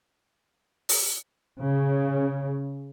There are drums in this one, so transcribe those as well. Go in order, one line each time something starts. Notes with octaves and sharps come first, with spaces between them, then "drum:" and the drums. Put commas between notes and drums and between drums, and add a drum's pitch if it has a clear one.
drum: open hi-hat
C#3